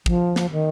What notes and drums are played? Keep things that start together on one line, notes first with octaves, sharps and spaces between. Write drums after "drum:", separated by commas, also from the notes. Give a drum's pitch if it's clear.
F3, drum: kick
drum: snare
D#3